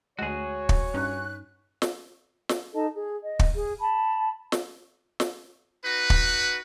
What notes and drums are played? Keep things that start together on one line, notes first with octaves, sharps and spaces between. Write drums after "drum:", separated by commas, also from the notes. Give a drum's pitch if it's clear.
D2 G#3 F#4 G#4 C#5
drum: kick
G2 C#4 D#4 F#6
drum: snare
drum: snare
D#4 A4 D#5 A5
G#4
D#5
drum: kick
G#4
A5 B5
drum: snare
drum: snare
D#4 F#4 B4
drum: kick